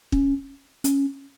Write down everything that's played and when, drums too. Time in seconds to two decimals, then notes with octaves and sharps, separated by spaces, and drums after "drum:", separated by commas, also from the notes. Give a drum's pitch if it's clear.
0.12 C#4, drum: kick
0.84 C#4, drum: hi-hat